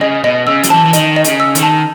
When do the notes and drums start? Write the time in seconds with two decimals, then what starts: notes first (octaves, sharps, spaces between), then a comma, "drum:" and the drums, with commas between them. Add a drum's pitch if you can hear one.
0.01 C#3 D#5
0.24 B2 D#5
0.47 C#3 E6
0.64 F#3, drum: hi-hat
0.70 E3 A5
0.85 E3
0.93 D#3 D#5, drum: hi-hat
1.16 D#5
1.24 C#3, drum: hi-hat
1.40 E6
1.55 D#3, drum: hi-hat
1.63 A5